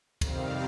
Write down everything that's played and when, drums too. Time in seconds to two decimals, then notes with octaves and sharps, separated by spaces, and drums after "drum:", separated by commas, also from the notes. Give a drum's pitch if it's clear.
0.21 F2 C3 D#3 G3 C4 F5, drum: kick, cymbal